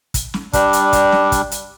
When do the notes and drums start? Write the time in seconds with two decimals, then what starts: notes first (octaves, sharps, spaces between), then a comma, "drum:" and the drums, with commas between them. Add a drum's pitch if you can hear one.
0.14 drum: kick, hi-hat
0.34 drum: snare
0.53 G3 D4, drum: kick, hi-hat
0.73 drum: hi-hat
0.93 drum: kick, hi-hat
1.12 drum: snare
1.32 drum: kick, hi-hat
1.51 drum: hi-hat